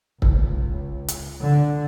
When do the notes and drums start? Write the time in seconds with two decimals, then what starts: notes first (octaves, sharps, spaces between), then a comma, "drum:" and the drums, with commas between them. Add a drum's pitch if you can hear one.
0.22 C#2, drum: kick
1.08 drum: hi-hat
1.41 D3